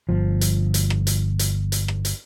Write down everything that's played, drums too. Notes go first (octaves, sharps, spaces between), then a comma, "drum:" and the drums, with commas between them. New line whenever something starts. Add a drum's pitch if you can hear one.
G1 F3
drum: hi-hat
drum: hi-hat
drum: rim click
drum: hi-hat
drum: hi-hat
drum: hi-hat
drum: rim click
drum: hi-hat